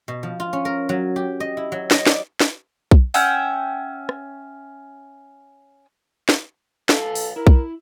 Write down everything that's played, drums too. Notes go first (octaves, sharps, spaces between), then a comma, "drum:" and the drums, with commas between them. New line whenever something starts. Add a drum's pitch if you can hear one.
B2
F3
F4
C#4
A#4
F#3
G4
D#5
E4
F#3
D#5, drum: snare
D5, drum: snare
drum: snare
drum: kick B1
C#4 E5 F#5 G5, drum: open hi-hat
drum: rim click
drum: snare
A4 B4 C#5 F5, drum: snare
drum: open hi-hat
E4 A#4
drum: kick B1